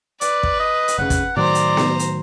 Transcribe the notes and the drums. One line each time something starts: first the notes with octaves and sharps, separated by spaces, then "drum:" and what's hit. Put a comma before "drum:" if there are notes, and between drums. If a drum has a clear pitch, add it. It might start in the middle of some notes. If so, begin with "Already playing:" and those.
B4 D5, drum: hi-hat
drum: kick
D#5
drum: hi-hat
F1 C#3 F#5
drum: kick, hi-hat
A2 D#3 F#3 C5 D5 A#5
drum: hi-hat
drum: snare B3
drum: hi-hat